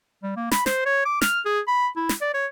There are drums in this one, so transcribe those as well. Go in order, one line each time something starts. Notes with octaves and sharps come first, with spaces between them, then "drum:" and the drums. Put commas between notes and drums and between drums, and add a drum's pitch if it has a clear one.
G3
A#3
B5, drum: snare
C5, drum: snare
C#5
D6
F6, drum: snare
G#4
B5
E4
drum: snare
D5
C#5